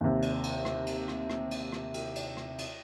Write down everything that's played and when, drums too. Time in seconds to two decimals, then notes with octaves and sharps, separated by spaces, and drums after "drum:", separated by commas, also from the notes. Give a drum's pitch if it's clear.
0.01 D#2 C3
0.22 drum: cymbal
0.44 drum: cymbal
0.65 drum: rim click
0.87 drum: cymbal
1.08 drum: rim click
1.30 drum: rim click
1.51 drum: cymbal
1.72 drum: rim click
1.94 drum: cymbal
2.15 drum: cymbal
2.37 drum: rim click
2.58 drum: cymbal